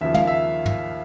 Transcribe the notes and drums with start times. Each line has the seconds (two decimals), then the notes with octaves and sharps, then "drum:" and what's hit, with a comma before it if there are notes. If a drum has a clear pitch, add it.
0.01 D#2 C#3 F3 E5
0.14 F5, drum: tom
0.27 E5
0.66 drum: tom